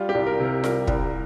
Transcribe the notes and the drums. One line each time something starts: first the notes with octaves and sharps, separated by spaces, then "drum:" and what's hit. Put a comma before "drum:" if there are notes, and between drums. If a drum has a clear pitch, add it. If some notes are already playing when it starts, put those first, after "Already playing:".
Already playing: G3 F4
G4
C2
A#4
C3
A#4
G3 A#4, drum: snare F4
C2, drum: kick